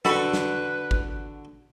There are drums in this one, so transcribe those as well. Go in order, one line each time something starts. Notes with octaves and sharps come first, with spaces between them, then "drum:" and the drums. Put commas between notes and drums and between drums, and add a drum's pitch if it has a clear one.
D3 F#4 A4 B4 B5, drum: snare
drum: snare
drum: kick G#1